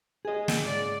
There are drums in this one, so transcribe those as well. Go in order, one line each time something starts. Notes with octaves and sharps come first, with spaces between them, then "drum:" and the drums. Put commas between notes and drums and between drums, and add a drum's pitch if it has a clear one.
G#4 D#5
drum: snare
G#2 C#3 D5